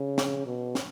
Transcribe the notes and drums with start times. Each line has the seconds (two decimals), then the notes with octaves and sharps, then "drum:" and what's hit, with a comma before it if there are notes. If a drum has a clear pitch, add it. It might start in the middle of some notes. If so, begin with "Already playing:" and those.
Already playing: C#3
0.18 drum: snare
0.46 B2
0.75 drum: snare